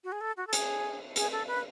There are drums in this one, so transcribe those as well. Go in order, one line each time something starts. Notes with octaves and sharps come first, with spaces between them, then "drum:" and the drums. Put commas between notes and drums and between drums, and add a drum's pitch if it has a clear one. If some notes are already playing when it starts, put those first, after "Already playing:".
F#4
G#4
A4
F#4
A4
G#4, drum: hi-hat
G#4, drum: hi-hat
A4
B4